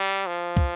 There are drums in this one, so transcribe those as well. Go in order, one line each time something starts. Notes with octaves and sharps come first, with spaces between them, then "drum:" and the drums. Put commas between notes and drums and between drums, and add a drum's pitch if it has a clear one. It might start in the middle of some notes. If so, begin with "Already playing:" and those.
Already playing: G3
F3
drum: kick